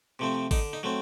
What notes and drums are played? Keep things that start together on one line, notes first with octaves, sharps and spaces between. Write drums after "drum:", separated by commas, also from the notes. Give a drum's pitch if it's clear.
C3 F3 A3 C4
D3 D#4, drum: kick G#1, open hi-hat
D#4
F#3 A3 C4